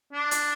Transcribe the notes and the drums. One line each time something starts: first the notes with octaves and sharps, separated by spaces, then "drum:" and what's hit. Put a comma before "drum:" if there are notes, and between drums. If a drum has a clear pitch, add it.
D4
drum: hi-hat